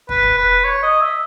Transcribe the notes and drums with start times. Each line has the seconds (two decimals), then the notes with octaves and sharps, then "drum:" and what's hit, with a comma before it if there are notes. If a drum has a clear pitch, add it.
0.09 B4, drum: kick
0.23 drum: kick
0.37 B4
0.64 C#5
0.83 D#5
1.01 E5